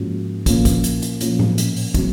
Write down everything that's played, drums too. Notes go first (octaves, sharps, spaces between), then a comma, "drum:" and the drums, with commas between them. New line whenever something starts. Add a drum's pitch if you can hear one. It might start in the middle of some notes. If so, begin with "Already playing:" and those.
Already playing: G#2 F3 A#3 C#4 F#4
A#2 F3 A#3 C#4, drum: kick, hi-hat
drum: kick, hi-hat
drum: hi-hat
drum: hi-hat
A#2 F3 A#3 C#4, drum: hi-hat
drum: tom A2
drum: hi-hat
drum: open hi-hat
A#2 F#3 C4 F#4, drum: kick, hi-hat